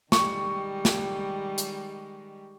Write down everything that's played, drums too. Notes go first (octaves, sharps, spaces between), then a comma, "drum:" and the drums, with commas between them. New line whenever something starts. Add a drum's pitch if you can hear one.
D#3 G3 G#3 C#6, drum: snare
drum: snare
drum: hi-hat